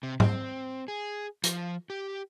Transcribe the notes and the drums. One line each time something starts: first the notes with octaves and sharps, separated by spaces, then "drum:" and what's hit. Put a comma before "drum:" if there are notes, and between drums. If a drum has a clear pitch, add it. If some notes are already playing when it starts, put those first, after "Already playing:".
C3
C4, drum: tom G#2
G#4
F3, drum: hi-hat
G4